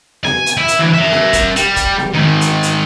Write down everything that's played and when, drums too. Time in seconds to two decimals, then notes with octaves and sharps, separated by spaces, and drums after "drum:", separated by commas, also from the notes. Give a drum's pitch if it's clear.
0.25 G#5, drum: snare B3
0.46 drum: hi-hat
0.57 E4
0.68 drum: hi-hat
0.80 D3 E3
0.94 A#4 E5
1.11 drum: snare B3
1.33 drum: kick, hi-hat
1.56 G3, drum: hi-hat
1.76 drum: kick, hi-hat
1.98 drum: snare B3
2.14 G#2 D#3
2.41 drum: hi-hat
2.63 drum: hi-hat